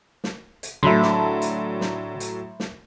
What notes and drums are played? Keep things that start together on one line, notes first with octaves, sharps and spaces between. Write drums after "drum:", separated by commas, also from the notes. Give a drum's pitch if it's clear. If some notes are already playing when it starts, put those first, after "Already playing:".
drum: snare
drum: hi-hat
A2 D3 F#3 E5 B5 C6
drum: snare
drum: hi-hat
drum: snare
drum: hi-hat
drum: snare